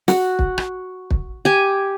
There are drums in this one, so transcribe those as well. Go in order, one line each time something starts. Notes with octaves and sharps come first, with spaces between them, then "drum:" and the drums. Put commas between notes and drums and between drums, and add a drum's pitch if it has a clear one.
F#4, drum: snare
drum: kick
drum: rim click
drum: kick
G4 G#5